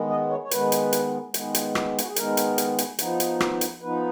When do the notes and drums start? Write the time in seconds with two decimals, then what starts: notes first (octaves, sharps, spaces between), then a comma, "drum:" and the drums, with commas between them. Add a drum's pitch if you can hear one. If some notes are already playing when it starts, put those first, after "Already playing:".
Already playing: D#3 G#3 B3
0.10 D#5
0.30 C#5
0.44 C#5
0.51 D#3 G#3 B3 B4, drum: hi-hat
0.72 drum: hi-hat
0.93 drum: hi-hat
1.34 D#3 G#3 B3, drum: hi-hat
1.55 drum: hi-hat
1.75 drum: rim click
1.98 F#4, drum: hi-hat
2.07 G#4
2.16 D#3 G#3 B3 A#4, drum: hi-hat
2.37 drum: hi-hat
2.58 drum: hi-hat
2.78 drum: hi-hat
2.99 F3 B3 D#4, drum: hi-hat
3.20 drum: hi-hat
3.40 drum: rim click
3.61 drum: hi-hat
3.82 F3 B3 D#4 B4